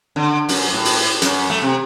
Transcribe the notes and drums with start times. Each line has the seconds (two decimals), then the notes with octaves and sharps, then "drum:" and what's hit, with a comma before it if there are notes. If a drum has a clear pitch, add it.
0.16 D3
0.49 F#2, drum: open hi-hat
0.73 A2
0.85 drum: open hi-hat
1.22 F#2, drum: hi-hat
1.50 A3
1.62 C3